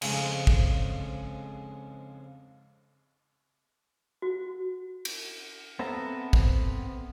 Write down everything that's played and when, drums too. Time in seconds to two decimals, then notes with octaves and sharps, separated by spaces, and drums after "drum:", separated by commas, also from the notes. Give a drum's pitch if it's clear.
0.02 F2 G#2 C#3, drum: cymbal
0.47 drum: kick
4.22 F#4
5.05 drum: cymbal
5.79 B3 C4 A4 E5 A#5
6.33 drum: kick